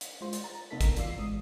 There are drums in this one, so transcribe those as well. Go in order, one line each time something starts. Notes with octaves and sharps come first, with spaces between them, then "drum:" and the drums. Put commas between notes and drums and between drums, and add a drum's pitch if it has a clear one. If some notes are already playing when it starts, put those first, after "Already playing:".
drum: hi-hat
G#3 F4 C5
drum: hi-hat
A#5 A6
C3 B3 D#4 A4 A#4 B6
drum: kick, hi-hat
E3 F4 D5 E6 C7, drum: hi-hat
G#1 G#3 D#6